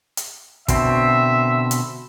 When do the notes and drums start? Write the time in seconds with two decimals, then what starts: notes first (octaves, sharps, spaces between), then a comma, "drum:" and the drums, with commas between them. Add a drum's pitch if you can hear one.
0.17 drum: hi-hat
0.68 B2 D3 C4 E5, drum: kick, hi-hat
1.71 drum: hi-hat